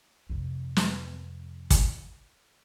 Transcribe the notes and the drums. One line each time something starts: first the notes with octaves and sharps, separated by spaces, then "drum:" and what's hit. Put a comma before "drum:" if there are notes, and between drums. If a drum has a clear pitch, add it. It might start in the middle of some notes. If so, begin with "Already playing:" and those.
F2 C3
drum: snare
drum: kick, hi-hat